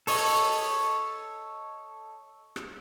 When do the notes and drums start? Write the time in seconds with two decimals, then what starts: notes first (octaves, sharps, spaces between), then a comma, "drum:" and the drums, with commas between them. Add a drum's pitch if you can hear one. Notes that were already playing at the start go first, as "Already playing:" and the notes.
0.07 A4 C#5 D#5, drum: open hi-hat
2.56 drum: rim click